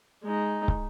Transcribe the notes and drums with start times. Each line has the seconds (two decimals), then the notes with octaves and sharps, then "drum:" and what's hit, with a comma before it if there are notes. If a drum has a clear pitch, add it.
0.24 G#3 D#4
0.68 drum: kick